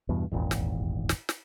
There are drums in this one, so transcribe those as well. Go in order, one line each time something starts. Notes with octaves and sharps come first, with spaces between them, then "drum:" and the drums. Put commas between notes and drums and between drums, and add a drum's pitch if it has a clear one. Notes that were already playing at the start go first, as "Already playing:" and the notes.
E2 G2 B2
D#1 G#1 E2
drum: snare
drum: snare
drum: snare